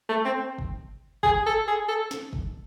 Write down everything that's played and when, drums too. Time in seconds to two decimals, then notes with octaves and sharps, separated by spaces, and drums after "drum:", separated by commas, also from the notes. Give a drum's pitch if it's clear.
0.09 A3
0.26 C4
0.58 drum: kick
1.23 G#4, drum: kick
1.46 A4
1.68 G#4
1.89 A4
2.11 drum: snare
2.33 drum: kick